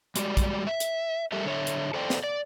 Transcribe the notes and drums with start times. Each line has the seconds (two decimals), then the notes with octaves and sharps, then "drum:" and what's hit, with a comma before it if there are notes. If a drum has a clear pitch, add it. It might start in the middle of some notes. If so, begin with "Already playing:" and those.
0.16 G3 G#3 F#4 G4 D5, drum: hi-hat
0.37 drum: kick, hi-hat
0.67 E5
0.80 drum: hi-hat
1.32 G3 A3 G4 A4 A#4 E5
1.45 D3 C#5 E5
1.67 drum: hi-hat
1.94 A4 C5 D5 G5
2.10 drum: snare
2.24 D5